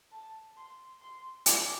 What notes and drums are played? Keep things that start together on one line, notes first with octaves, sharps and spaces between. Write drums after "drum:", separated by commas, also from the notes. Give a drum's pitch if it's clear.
A5
C6
C6
D6, drum: hi-hat